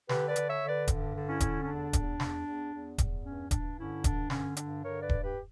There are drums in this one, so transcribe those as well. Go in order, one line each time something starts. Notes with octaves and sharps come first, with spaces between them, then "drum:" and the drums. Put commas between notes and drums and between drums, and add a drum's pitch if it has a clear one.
D3 G4 B4, drum: snare
B4 D5
D3, drum: hi-hat
C#5 E5
D3
B4 D5
G2, drum: kick D#1, hi-hat
D3
C#4 E4
D3, drum: kick D#1, hi-hat
C#4
E2 D4
E2, drum: kick D#1, hi-hat
E2, drum: snare
E2
E2
E2, drum: kick D#1, hi-hat
G2 C#4
G2 D4, drum: kick D#1, hi-hat
D3 C#4 E4
G2 D4, drum: kick D#1, hi-hat
D3 C#4, drum: snare
G2 D4, drum: hi-hat
D3 A#4 C#5
B4 D5
G2, drum: kick D#1
G4 B4